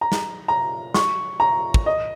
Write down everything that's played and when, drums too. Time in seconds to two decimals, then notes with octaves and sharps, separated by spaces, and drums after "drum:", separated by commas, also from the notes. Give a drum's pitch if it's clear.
0.01 A#5
0.12 drum: snare
0.48 A#5
0.94 C#6, drum: snare
1.40 A#5
1.74 drum: kick
1.86 D#5